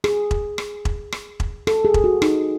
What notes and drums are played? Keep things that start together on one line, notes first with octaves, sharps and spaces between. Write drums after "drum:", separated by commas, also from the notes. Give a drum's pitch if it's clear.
G#4, drum: rim click
drum: kick E1
drum: rim click
drum: kick E1
drum: rim click
drum: kick E1
A4, drum: rim click
G#4
drum: kick E1
F#4
D#4, drum: rim click